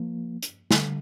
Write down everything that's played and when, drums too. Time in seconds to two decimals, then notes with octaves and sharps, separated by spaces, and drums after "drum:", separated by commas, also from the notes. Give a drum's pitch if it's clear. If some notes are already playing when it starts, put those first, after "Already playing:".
Already playing: F3 A#3
0.42 drum: hi-hat
0.71 D3 G3, drum: snare